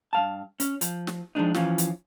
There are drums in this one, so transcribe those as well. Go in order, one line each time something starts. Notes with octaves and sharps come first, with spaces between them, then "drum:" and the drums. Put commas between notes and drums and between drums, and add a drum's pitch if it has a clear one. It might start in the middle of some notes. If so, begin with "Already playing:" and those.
G2 F5 A5
C#4, drum: hi-hat
F3, drum: hi-hat
drum: snare
F3 G#3 D4 D#4
E3 F3 C#4 F4, drum: snare
drum: hi-hat